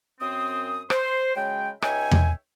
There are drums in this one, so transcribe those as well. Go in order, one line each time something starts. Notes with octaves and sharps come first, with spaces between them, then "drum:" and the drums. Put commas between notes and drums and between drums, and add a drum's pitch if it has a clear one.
F#2 C4 D#6
C5, drum: rim click
C#3 F#3 G#3 G5
C#2 D#4 C#5 E5 G5 G#5, drum: rim click
drum: tom E2